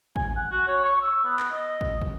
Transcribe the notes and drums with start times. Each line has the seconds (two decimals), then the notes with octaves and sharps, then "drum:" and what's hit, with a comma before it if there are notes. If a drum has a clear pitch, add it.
0.16 G#5, drum: kick
0.36 F#5
0.51 F#4
0.67 C#5
0.85 C#6
1.01 E6
1.24 B3
1.40 drum: clap
1.52 D#5
1.81 drum: kick
2.02 drum: kick